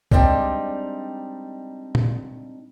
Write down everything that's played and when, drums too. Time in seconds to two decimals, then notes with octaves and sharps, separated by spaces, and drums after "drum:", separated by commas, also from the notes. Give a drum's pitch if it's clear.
0.11 G3 G#3 C4 D4 D#4, drum: kick C2
1.95 drum: tom A#2